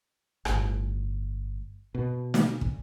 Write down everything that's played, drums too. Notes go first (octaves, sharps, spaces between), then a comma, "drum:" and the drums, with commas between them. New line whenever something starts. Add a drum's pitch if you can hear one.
G1 A2, drum: rim click
B2
drum: snare
drum: kick